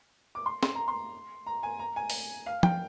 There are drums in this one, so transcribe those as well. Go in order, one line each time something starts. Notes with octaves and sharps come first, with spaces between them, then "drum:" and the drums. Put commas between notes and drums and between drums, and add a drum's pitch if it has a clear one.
D6
C6
C6, drum: snare
A#5
C6
A#5
G#5
A#5
G#5
drum: open hi-hat
F5
G5, drum: tom F3